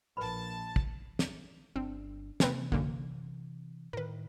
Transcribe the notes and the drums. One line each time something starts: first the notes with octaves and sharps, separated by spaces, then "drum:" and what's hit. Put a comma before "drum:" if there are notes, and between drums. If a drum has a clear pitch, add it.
A#1 A#4 B4 A5 B5
drum: kick
drum: snare
G1 C4 D4
C3 E3 A#3 C4 B4, drum: snare
F#2 D3 A#3, drum: kick
A2 D#3 A#4 B4